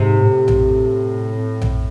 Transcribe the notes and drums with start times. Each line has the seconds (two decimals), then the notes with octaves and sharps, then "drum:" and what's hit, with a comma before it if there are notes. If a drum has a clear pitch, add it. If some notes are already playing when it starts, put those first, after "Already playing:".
Already playing: G#2 C3
0.24 A2
0.48 drum: tom A#1
1.61 drum: tom A#1